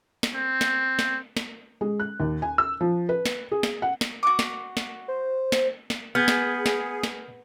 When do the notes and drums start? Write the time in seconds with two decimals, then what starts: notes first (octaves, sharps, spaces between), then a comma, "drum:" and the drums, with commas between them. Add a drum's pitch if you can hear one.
0.23 drum: snare
0.35 C4
0.61 drum: snare
0.99 drum: snare
1.37 drum: snare
1.81 G#3
2.00 F#6
2.20 D#2
2.42 G#5
2.58 E6
2.81 F3
3.09 B4
3.26 drum: snare
3.52 G#4
3.63 drum: snare
3.82 F#5
4.01 drum: snare
4.23 F#4 D6
4.39 drum: snare
4.77 drum: snare
5.08 C5
5.52 drum: snare
5.90 drum: snare
6.15 B3 G#4 F6 G6 G#6
6.28 drum: snare
6.66 drum: snare
7.03 drum: snare